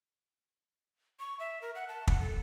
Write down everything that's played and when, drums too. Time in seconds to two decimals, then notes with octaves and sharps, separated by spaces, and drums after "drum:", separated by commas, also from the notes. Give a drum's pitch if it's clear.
1.20 C#6
1.39 E5
1.62 A#4
1.75 F#5
1.88 A5
2.07 F#5, drum: kick
2.20 A4